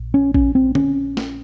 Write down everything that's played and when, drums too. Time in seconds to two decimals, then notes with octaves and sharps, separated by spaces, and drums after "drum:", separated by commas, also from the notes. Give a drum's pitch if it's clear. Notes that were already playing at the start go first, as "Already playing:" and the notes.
Already playing: A#1
0.14 C#4
0.34 C#4, drum: kick A1
0.55 C4
0.75 C#4, drum: tom D3
1.17 drum: snare